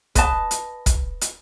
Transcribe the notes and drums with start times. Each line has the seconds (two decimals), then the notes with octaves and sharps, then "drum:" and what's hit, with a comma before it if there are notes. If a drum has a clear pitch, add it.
0.15 B4 D#5 A5, drum: kick, hi-hat
0.51 drum: hi-hat
0.86 drum: kick, hi-hat
1.21 drum: hi-hat